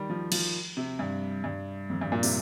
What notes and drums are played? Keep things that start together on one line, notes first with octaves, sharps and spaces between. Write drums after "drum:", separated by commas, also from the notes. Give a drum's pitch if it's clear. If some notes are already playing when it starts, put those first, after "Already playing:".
Already playing: D#3 G3
F3
F3, drum: cymbal
C3
G2
G2
F2
G2
A#2
C3, drum: open hi-hat